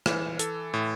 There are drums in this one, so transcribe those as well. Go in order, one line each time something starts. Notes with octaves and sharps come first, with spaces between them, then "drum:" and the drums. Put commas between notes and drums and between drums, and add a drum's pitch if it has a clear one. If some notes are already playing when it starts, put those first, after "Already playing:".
E3, drum: rim click
A4, drum: hi-hat
A2